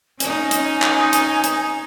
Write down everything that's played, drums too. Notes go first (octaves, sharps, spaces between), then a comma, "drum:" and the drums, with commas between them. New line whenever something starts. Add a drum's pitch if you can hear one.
C#4 D#4 G#5, drum: hi-hat
drum: hi-hat
drum: clap
drum: hi-hat
drum: hi-hat